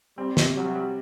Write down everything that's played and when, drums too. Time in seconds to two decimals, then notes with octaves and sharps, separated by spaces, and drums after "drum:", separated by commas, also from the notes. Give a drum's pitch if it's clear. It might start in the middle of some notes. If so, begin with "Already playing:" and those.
0.18 G3 C4
0.37 C3, drum: snare
0.56 F#3 G3
0.75 G3